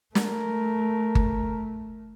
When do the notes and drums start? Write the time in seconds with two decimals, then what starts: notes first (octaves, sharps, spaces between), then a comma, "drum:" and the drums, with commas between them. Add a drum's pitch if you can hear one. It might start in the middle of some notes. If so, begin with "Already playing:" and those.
0.15 A3 A#4, drum: snare
1.15 drum: kick G1